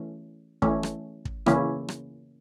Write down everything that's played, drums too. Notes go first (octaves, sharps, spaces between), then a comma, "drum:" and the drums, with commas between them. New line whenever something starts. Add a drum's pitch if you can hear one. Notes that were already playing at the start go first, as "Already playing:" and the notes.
Already playing: E3 A3 C#4
E3 A3 C#4, drum: kick
drum: rim click
drum: kick
C#3 E3 A#3 C#4 E4, drum: rim click
drum: rim click